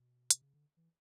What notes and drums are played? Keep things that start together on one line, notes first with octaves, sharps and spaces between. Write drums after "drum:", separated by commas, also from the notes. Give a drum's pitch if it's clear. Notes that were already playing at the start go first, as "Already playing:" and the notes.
Already playing: B2
C3, drum: hi-hat
C#3
D3
E3